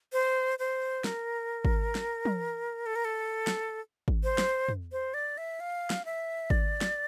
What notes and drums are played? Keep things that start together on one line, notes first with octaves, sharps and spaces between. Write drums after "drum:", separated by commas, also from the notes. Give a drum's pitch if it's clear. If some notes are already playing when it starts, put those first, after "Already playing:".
C5
C5
A#4, drum: snare
drum: kick G#1
drum: snare
drum: tom
A4
A#4
A4
drum: snare
drum: kick G#1
C5
drum: snare
drum: tom
C5
D5
E5
F5
drum: snare
E5
D5, drum: kick G#1
drum: snare